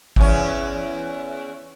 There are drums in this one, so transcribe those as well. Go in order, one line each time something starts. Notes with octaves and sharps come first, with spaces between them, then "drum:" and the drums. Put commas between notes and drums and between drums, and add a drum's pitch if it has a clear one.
E2 C#4, drum: kick G#1